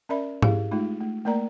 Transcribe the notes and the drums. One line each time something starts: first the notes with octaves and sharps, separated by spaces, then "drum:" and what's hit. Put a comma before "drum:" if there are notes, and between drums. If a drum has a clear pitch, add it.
C#4 A#4 D5 E5 B5
E4 G4 G#4 F5, drum: tom G#2
G#3 A3 D#4 F4
A3
A3 A#3 A#4 D5 A#5